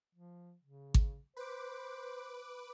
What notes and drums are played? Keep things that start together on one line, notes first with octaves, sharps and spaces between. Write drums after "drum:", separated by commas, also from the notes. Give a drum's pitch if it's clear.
F3
C#3
drum: kick G#1
B4 C5 D6